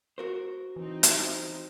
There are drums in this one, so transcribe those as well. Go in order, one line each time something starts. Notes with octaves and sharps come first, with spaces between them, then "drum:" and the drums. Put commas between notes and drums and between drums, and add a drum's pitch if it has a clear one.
F#4 A#4 C5
E3 C4 D#4
drum: hi-hat